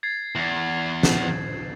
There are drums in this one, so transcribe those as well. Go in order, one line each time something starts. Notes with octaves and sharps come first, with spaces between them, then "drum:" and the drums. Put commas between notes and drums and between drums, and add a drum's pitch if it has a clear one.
G#6 A6 C7
E2
drum: snare